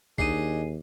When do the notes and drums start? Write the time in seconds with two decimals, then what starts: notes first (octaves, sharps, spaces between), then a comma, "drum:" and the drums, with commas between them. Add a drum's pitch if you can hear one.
0.18 D#2 D4 D#4 G#4 C7 D#7, drum: kick C2